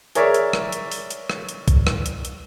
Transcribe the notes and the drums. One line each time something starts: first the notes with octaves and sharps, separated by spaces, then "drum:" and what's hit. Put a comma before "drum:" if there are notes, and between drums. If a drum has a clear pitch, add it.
G#4 A#4 C#5 D5 E5, drum: hi-hat
drum: hi-hat
drum: rim click
drum: hi-hat
drum: open hi-hat
drum: hi-hat
drum: rim click
drum: hi-hat
drum: kick B1, hi-hat
drum: rim click
drum: hi-hat
drum: hi-hat